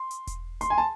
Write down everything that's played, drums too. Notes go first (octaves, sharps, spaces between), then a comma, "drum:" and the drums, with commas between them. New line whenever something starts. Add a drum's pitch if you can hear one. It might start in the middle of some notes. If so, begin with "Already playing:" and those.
Already playing: C6
drum: hi-hat
drum: kick E1, hi-hat
C6, drum: hi-hat
G#5
A5